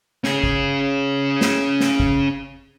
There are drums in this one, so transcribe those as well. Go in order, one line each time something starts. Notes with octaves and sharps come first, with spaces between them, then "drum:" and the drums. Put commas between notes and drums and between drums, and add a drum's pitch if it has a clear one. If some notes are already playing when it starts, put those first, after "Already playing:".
C#4 G#4, drum: snare
drum: kick
drum: snare
drum: snare
drum: kick